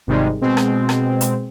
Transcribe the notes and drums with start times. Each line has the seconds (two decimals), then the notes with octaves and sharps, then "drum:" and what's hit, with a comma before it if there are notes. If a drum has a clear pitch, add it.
0.07 G#1 C3 D#3 G3 G#3
0.41 B2 G#3 C4
0.57 drum: rim click
0.89 drum: rim click
1.21 drum: hi-hat